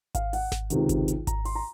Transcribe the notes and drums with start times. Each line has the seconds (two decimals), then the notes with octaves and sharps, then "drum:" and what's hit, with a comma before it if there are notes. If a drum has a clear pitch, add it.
0.15 F5, drum: kick G#1, hi-hat
0.33 F#5, drum: open hi-hat
0.52 drum: snare G#1
0.70 C#2 C3 D#3, drum: hi-hat
0.89 drum: kick G#1, hi-hat
1.08 drum: hi-hat
1.27 A#5, drum: kick G#1, hi-hat
1.45 C6, drum: open hi-hat
1.55 A#5